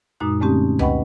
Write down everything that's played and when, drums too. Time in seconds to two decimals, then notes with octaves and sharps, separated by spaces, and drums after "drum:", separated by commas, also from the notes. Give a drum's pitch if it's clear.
0.20 F#2 A#2 G#3 D#4 D#6 F#6
0.40 D3 G#3 A3 C4 C#4 G4
0.79 B4 D#5 F#5 G5 B5 C#6, drum: tom C#2